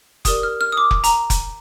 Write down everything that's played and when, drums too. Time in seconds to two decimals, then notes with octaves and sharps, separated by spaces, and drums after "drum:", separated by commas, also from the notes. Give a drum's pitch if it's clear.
0.25 G4 A#4 D5 D#6, drum: kick F1, hi-hat
0.43 F6
0.61 F6
0.72 D#6
0.77 D6
0.91 drum: kick F1
1.04 A#5, drum: hi-hat
1.30 drum: kick F1, hi-hat